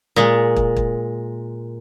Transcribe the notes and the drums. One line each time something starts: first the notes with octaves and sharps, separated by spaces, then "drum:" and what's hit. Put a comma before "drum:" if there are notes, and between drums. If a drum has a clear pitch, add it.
A#2 G#3
drum: kick
drum: kick